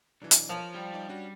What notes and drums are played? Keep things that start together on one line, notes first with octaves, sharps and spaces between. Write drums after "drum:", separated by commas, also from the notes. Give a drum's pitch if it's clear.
B1 E3 D4
drum: hi-hat
F3 A#4 C#5
G3 G5
D#4 D5
C#4 D4 F#4